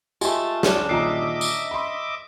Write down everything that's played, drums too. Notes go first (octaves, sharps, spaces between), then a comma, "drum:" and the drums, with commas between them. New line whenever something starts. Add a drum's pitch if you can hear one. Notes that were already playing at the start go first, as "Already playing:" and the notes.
G#3 A3 F4 G4 G#5, drum: tambourine
C#3 C#4 D4, drum: snare
A#2 D#3 D#5 E5 A#5 D6 C7
drum: tambourine
B5 C6